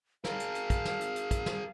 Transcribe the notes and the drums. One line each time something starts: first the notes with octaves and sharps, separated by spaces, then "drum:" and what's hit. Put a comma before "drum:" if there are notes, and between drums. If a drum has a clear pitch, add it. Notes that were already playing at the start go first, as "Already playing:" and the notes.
G#4 A#4 F5, drum: snare
drum: hi-hat
drum: hi-hat
drum: kick, hi-hat
drum: snare
drum: hi-hat
drum: hi-hat
drum: kick, hi-hat
drum: snare